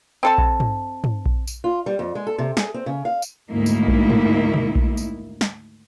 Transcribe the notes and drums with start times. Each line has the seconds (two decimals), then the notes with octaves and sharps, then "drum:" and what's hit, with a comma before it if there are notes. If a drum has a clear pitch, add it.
0.23 C4 A4 A5
0.38 drum: kick A#1
0.60 drum: tom
1.04 drum: tom
1.26 drum: kick A#1
1.47 drum: tambourine
1.64 F4
1.86 G3
1.99 F2
2.15 G#3
2.27 A4
2.38 C3
2.57 G#4, drum: snare
2.74 C4
2.86 C#3
3.05 F5
3.22 drum: tambourine
3.50 D2 G#2 D#3 A#3 D#4 E4
3.66 drum: tambourine
3.88 drum: kick A#1
4.10 drum: tom
4.54 drum: tom
4.75 drum: kick A#1
4.97 drum: tambourine
5.41 drum: snare